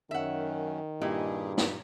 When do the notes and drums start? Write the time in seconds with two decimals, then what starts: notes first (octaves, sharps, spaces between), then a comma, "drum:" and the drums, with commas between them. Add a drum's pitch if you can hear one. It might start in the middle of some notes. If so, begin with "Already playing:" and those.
0.11 F#2 D#3 C#4 E5 F#5
1.01 G2 A#2 E4 G4 G#4 D#5
1.58 drum: snare